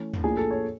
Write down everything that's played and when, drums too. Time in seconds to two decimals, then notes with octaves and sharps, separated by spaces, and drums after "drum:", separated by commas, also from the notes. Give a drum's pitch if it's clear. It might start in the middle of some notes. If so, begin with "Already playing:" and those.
Already playing: E3 A3 C#4
0.14 drum: tom
0.24 A2 F3 A#3 D4 G#4
0.37 A4
0.51 C#5